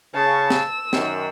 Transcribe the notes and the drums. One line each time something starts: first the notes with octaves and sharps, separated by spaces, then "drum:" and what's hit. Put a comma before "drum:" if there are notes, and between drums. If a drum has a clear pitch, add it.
C#3 A5 C#6
E6, drum: snare
F#2 D#3, drum: snare